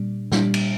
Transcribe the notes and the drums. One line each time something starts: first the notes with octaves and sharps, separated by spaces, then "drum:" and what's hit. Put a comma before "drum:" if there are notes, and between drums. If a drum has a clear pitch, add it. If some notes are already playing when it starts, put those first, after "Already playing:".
Already playing: A#2 G3 D4
A#2 G3 D4, drum: snare
drum: cymbal